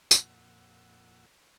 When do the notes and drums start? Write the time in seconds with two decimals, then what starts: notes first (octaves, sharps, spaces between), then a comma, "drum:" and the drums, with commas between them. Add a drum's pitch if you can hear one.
0.11 F2 A#2 F#5 E6, drum: tambourine